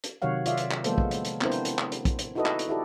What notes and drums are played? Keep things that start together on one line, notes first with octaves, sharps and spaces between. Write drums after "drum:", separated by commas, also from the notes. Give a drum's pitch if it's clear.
drum: hi-hat
C3 D#3 F#3 C#5 F5 F#5
F4 D5 E5 F5, drum: hi-hat
drum: hi-hat
drum: clap
F3 G#3 A#3 B3 A4 C5, drum: hi-hat
drum: kick
drum: hi-hat
drum: hi-hat
B3 C4 D4 E4 A#4 C5, drum: clap
drum: hi-hat
drum: hi-hat
drum: clap
drum: hi-hat
drum: kick, hi-hat
drum: hi-hat
D#4 E4 F#4 A4 B4 D#5
drum: clap
drum: hi-hat
E4 F#4 G4 A4 D5